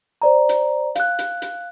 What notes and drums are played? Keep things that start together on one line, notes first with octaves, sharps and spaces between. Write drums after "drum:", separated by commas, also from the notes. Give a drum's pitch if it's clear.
C5 D5 A#5
drum: hi-hat
F5 F#6, drum: hi-hat
drum: hi-hat
drum: hi-hat